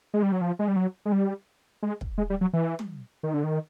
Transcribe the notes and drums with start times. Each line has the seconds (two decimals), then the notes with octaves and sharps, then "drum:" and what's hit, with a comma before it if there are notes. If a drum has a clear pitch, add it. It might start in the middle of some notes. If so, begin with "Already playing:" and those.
0.14 G#3
0.23 G3
0.32 F#3
0.41 F3
0.59 G#3
0.68 G3
0.76 F#3
1.05 G#3
1.12 G3
1.83 G#3
2.01 drum: kick
2.18 G#3
2.30 G3
2.41 F#3
2.53 E3
2.79 drum: tom
3.23 D#3
3.34 D3
3.44 D#3